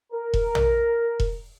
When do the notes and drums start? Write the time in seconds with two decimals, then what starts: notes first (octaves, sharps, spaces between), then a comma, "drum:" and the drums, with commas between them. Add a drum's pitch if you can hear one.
0.12 A#4
0.34 drum: kick E1
0.55 drum: tom A#1
1.20 drum: kick E1